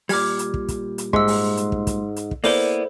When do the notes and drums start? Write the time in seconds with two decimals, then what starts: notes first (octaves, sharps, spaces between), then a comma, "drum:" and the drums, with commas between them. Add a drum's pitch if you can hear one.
0.09 A#2 G3 D6 F6 G#6, drum: open hi-hat
0.39 drum: hi-hat
0.54 drum: kick
0.68 drum: kick, hi-hat
0.98 drum: hi-hat
1.13 G#2 G#3 E5 C6 E6, drum: kick
1.28 drum: open hi-hat
1.57 drum: hi-hat
1.72 drum: kick
1.87 drum: kick, hi-hat
2.16 drum: hi-hat
2.31 drum: kick
2.44 A#3 B3 E4 A4 C5 D5 G7, drum: open hi-hat